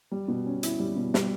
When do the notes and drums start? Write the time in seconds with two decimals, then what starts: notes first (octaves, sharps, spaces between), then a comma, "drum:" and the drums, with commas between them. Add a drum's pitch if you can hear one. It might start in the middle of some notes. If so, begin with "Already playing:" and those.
0.11 G3
0.28 B2
0.46 C#4
0.63 E4, drum: hi-hat
0.79 G3
0.96 B2
1.14 G3, drum: snare